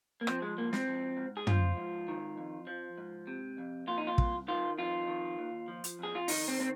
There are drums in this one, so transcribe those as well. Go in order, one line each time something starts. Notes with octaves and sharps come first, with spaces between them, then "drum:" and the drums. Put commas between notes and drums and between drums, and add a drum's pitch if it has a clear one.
A#3
F3 C4, drum: rim click
G#3
G#2 A#3
C4, drum: snare
F3
G#2
G#4
F3 F4, drum: tom
G#2
D#3
F2
F3
G#2
C3
F2
A#2 F4
D#4
F4
C2, drum: kick
D#3 F4
F2 F4
D#3
D#2
F3
drum: hi-hat
F2 G#4
F4
D#3 D#4, drum: open hi-hat
C4
C4